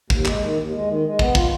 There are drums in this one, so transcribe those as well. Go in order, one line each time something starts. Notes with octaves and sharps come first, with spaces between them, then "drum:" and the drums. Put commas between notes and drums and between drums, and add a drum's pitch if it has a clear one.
D#2, drum: kick
G#3, drum: clap
D#3
D#2
G#3
D#3
G#3
B3, drum: kick
F4, drum: kick